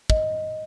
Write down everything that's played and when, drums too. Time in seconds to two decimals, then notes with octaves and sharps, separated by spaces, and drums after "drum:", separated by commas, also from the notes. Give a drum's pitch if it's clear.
0.10 D#5, drum: kick